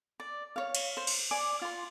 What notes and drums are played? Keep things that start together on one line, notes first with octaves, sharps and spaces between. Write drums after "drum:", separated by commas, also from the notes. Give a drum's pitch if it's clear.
D5
C#5 F5
drum: cymbal
C5
drum: cymbal
D5 G#5 D6
F4 C6